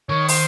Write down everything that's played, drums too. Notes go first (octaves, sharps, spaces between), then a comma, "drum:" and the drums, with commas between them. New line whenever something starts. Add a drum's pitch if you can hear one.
D#3 C#5
C5, drum: open hi-hat